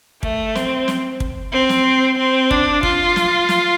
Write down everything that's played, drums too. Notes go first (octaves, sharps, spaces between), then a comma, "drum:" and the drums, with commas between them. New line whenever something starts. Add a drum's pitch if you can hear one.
A3, drum: kick
C4, drum: snare
drum: snare
drum: kick
C4
drum: snare
C4
D4, drum: kick
F4, drum: kick
drum: snare
drum: snare